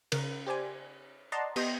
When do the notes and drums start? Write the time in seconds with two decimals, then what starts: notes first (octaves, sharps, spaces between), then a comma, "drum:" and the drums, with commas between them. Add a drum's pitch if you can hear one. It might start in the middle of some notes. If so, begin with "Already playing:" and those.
0.12 C#3 A#4, drum: cymbal
0.47 G4 C5 D5 G#5
1.32 D5 D#5 F#5 A5 A#5 C6
1.56 B3 G4 D#5 G5 C6 A#6, drum: cymbal